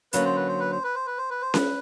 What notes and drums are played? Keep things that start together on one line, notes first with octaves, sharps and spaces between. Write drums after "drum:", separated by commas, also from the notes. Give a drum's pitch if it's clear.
D3 F#3 A#3 C#4 B4, drum: hi-hat
C5
B4
C5
B4
C5
B4
C5
B4
C5
B4
C5
B4, drum: snare C#4